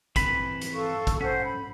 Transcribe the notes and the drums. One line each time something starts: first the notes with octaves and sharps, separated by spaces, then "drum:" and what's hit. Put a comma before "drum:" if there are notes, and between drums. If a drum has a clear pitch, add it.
E3 C4 B5, drum: kick, hi-hat
drum: hi-hat
A4 F5 C#6
drum: kick, hi-hat
C#4 A4 C5 F#5
B5